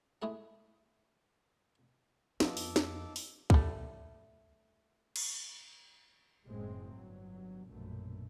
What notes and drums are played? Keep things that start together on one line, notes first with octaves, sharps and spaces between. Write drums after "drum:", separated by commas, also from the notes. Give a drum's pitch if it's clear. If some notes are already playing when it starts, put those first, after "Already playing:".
G#3 A3 E4 G#4 F#5
F2 B3 F4 A4 D#5 D6, drum: snare
drum: open hi-hat
drum: snare
drum: open hi-hat
G3 A3, drum: kick
drum: cymbal
F#1 A2 G#3 C4
G1 F#3
A#1 F#2 B2 A3